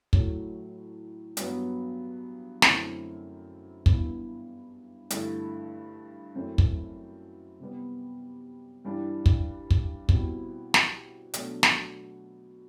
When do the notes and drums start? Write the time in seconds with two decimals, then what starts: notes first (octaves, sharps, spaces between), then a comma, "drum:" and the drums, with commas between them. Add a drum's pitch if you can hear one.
0.13 A2 F#3 A3, drum: kick
1.37 G2 F#3 B3, drum: hi-hat
2.62 F#2 D3 A3 C4 E4, drum: snare
3.86 G2 E3 B3 E4, drum: kick
5.10 G2 D3 A3 E4, drum: hi-hat
6.35 F#2 E3 A3 C4 E4
6.58 drum: kick
7.60 C3 G3 B3
8.85 G2 E3 G3 D4
9.26 drum: kick
9.71 drum: kick
10.09 B2 G3 C4 E4, drum: kick
10.74 drum: snare
11.34 B2 F#3 A3 D4, drum: hi-hat
11.63 drum: snare